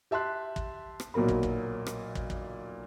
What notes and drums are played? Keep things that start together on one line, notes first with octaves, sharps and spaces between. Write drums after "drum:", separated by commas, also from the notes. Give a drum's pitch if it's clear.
G4 E5 A5 C6 F#6
drum: kick
drum: rim click
B1 A#2 F#3 A#4 B5
drum: kick
drum: kick
drum: rim click
drum: kick
drum: kick